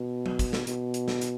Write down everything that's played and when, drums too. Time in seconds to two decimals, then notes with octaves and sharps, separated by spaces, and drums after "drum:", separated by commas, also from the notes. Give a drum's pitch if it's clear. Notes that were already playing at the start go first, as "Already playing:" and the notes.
Already playing: B2
0.26 drum: tom F#3
0.39 drum: kick, hi-hat
0.53 drum: snare
0.67 B2, drum: hi-hat
0.94 drum: hi-hat
1.08 drum: snare
1.21 drum: hi-hat